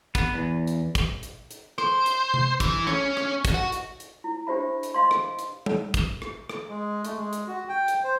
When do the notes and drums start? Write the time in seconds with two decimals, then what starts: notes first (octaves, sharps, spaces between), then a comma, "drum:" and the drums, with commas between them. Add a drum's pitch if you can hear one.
0.15 B3, drum: kick, hi-hat
0.34 E2
0.67 drum: hi-hat
0.95 drum: kick, hi-hat
1.23 drum: hi-hat
1.51 drum: hi-hat
1.78 C5, drum: rim click
2.06 drum: hi-hat
2.34 drum: tom C3
2.60 E3, drum: kick, hi-hat
2.87 C#4, drum: rim click
3.17 drum: rim click
3.45 drum: kick, hi-hat
3.54 F#4
3.72 drum: hi-hat
4.00 drum: hi-hat
4.24 E4
4.47 D4 G4 C5 E5 B5
4.83 drum: hi-hat
4.94 D#5 F5 C6
5.11 drum: rim click
5.39 drum: hi-hat
5.66 drum: tom G3
5.94 drum: kick, hi-hat
6.22 drum: rim click
6.50 drum: rim click
6.69 G#3
7.05 A3, drum: hi-hat
7.16 G#3
7.33 drum: hi-hat
7.48 F#4
7.69 G5
7.88 drum: hi-hat
8.04 C5